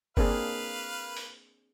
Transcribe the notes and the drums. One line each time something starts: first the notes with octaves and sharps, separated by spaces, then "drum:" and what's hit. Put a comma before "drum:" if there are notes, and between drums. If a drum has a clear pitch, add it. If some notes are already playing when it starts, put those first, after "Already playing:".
A#3 C4 D4 G#4 B4 F5, drum: kick F#1
drum: open hi-hat